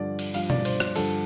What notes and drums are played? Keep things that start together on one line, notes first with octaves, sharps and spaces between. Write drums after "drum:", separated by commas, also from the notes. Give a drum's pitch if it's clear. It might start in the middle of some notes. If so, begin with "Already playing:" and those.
Already playing: G2 D3 F3 D5
drum: cymbal
G2 F3 F5, drum: cymbal
D5, drum: tom B2
C5, drum: cymbal
drum: rim click
G2 D3 F3 A4, drum: cymbal